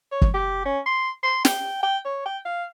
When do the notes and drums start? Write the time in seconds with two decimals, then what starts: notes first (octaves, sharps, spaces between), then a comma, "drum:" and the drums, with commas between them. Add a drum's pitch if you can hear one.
0.12 C#5
0.22 drum: kick
0.34 G4
0.66 C#4
0.86 C6
1.23 C6
1.45 G5, drum: snare
1.83 G5
2.05 C#5
2.26 G5
2.45 F5